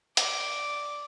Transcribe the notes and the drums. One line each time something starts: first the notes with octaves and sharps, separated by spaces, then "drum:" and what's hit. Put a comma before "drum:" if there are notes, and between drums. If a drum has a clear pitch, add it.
D5, drum: hi-hat